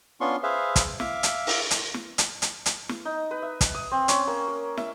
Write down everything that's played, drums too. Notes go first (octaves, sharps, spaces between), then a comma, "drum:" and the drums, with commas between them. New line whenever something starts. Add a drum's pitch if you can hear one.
B3 C#4 D4 F4 C6 C#6
G#4 B4 C5 E5 F5
drum: kick, hi-hat
E5 F5 D6, drum: snare
drum: hi-hat
drum: open hi-hat
drum: hi-hat
drum: snare
drum: hi-hat
drum: hi-hat
drum: hi-hat
drum: snare
D#4
B4
E5
drum: kick, hi-hat
D#6
C4
C#4, drum: hi-hat
A#3
A#4
E5, drum: snare